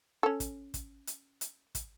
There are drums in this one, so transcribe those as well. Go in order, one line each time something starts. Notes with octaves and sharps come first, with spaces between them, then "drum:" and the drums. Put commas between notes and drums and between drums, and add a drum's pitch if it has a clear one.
C#4 A4
drum: kick, hi-hat
drum: kick, hi-hat
drum: hi-hat
drum: hi-hat
drum: kick, hi-hat